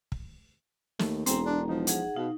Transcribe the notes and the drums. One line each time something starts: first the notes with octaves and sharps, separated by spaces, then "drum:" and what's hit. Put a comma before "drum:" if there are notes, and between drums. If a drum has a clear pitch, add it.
drum: kick
D#2 A3, drum: snare
E1 C4 G#4 A#5 C6, drum: hi-hat
D4
F3 D#4
G#4 F#5, drum: hi-hat
B2 D#4 F5